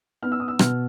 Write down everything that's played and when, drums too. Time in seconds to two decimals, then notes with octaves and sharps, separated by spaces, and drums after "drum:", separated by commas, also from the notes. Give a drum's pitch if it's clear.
0.23 B3 F6
0.32 E6
0.40 D#6
0.48 E6
0.59 B2 F6, drum: rim click